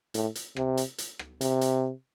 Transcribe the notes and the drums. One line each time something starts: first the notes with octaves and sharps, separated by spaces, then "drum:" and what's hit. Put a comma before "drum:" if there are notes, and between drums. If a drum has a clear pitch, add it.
A2, drum: hi-hat
drum: hi-hat
C3, drum: rim click
drum: hi-hat
drum: hi-hat
drum: rim click
C3, drum: hi-hat
drum: hi-hat